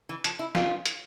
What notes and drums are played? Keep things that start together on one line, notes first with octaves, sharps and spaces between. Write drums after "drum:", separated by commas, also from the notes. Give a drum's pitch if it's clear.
E3
F3, drum: hi-hat
E4
F4, drum: snare
drum: hi-hat